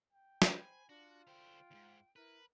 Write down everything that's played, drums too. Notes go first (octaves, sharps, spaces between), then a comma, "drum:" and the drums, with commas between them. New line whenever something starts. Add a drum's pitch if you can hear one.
G5
drum: snare
C5 G#5 B5
D4 F4 F#4
D3 C5 G5
D#2 G#2
E4 A#4 B4